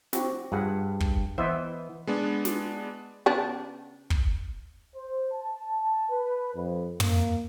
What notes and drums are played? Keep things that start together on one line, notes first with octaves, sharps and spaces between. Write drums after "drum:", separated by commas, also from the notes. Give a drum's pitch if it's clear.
C4 F#4 G4, drum: snare
G2 F4 G#4 F#5
drum: kick
E3 B3 C5 D#5 E5
G#3 B3 D4
drum: snare
C#3 B3 D4
drum: kick
C5
A5
B4
F2
A#3, drum: tom